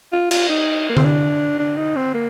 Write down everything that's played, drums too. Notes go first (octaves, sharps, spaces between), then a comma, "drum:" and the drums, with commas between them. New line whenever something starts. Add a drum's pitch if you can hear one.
F4
F4, drum: cymbal
D#4
A#3
C4, drum: tom D3
D4
D4
D#4
C4
A#3